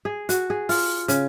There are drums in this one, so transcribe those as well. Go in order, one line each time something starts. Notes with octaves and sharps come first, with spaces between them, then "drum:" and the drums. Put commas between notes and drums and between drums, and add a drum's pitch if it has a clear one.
G#4
F#4, drum: hi-hat
G#4
F4, drum: open hi-hat
C#3, drum: hi-hat